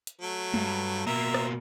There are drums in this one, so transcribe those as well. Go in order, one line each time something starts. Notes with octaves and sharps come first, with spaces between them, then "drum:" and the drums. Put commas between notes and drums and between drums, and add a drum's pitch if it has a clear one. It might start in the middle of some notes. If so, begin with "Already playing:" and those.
drum: hi-hat
F#3 A3
G2, drum: tom G#3
B2 A#3 E5 A#5
drum: rim click